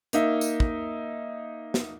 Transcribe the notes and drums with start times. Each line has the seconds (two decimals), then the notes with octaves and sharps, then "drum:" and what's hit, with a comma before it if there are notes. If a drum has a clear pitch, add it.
0.13 A#3 D#4 E5, drum: hi-hat
0.41 drum: tambourine
0.60 drum: kick
1.74 drum: snare